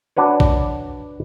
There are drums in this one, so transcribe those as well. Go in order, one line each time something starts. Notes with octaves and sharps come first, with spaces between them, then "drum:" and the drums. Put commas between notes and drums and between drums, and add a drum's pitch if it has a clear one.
D4 F#4 B4 C#5
drum: kick A#1